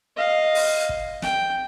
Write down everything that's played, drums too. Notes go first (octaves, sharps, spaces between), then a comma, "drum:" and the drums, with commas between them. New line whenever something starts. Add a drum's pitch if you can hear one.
D#5 F5
drum: open hi-hat
drum: kick
G5, drum: snare